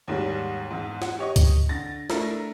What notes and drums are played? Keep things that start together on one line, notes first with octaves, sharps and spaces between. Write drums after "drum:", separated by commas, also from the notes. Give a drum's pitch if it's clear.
D#2 G#2 F#3 G3
E2 G#2
F#5, drum: snare
G4 C#5 D#5 C#6
drum: kick C#2, hi-hat
D3 A6 A#6
A3 D4 E4 A#4, drum: snare